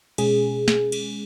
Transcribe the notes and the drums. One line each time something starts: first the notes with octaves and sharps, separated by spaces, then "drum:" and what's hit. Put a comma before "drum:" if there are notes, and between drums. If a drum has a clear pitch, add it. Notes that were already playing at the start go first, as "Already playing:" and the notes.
B2 G#3 C#4 G#4, drum: cymbal
drum: snare
drum: cymbal